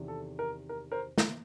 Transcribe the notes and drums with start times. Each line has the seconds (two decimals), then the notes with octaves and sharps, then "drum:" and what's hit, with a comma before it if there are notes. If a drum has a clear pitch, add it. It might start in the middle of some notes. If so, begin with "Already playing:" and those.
Already playing: E2 C3 D#3
0.08 A4
0.39 A#4
0.69 A#4
0.92 A#4 C5
1.18 drum: snare